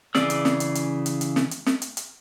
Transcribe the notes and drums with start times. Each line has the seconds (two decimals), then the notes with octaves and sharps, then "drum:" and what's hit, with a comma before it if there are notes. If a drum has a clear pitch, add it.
0.15 C#3 E3 G#4 D5 E6, drum: snare
0.30 drum: hi-hat
0.45 drum: snare
0.60 drum: hi-hat
0.75 drum: hi-hat
1.06 drum: hi-hat
1.21 drum: hi-hat
1.36 drum: snare
1.51 drum: hi-hat
1.66 drum: snare
1.82 drum: hi-hat
1.97 drum: hi-hat